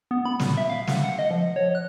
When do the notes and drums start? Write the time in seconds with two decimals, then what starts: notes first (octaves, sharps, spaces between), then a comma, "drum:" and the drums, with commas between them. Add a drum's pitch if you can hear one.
0.11 B3
0.25 B5
0.40 A#2, drum: snare
0.57 E5
0.69 F5
0.87 F#5, drum: snare
1.04 F#5
1.19 D#5
1.31 F3
1.56 C#5
1.75 F#6